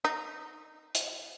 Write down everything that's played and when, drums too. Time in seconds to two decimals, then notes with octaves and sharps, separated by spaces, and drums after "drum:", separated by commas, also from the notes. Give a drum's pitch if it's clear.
0.05 D#4
0.95 drum: hi-hat